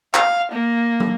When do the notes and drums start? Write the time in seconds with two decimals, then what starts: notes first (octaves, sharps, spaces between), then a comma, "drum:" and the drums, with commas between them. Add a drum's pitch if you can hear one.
0.14 F5, drum: clap
0.52 A#3
1.00 drum: tom